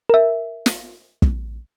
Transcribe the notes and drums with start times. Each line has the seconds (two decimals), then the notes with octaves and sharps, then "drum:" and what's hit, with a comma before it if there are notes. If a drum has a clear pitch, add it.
0.09 A#4 E5
0.66 drum: snare
1.22 drum: kick